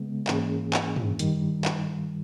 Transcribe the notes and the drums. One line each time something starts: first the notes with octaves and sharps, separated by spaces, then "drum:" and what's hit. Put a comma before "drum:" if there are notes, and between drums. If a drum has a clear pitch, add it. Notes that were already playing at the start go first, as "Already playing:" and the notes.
Already playing: C#3 G#3 B3
G#2 E3 A#3 C#4 G#4, drum: clap
drum: clap
drum: tom
G2 D#3 G3, drum: hi-hat
drum: clap